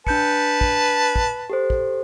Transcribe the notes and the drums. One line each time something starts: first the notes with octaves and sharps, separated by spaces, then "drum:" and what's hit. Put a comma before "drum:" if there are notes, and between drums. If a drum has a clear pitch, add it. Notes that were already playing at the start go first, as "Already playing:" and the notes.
D4 B4 A5 G6 C#7, drum: kick
drum: kick
drum: kick
G4 A4 C5
drum: kick